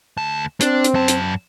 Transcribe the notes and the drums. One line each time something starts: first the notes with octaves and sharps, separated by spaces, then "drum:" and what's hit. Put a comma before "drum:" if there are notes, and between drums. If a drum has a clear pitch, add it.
D2 A5
C4 D4, drum: hi-hat
drum: hi-hat
F#2 A5
drum: hi-hat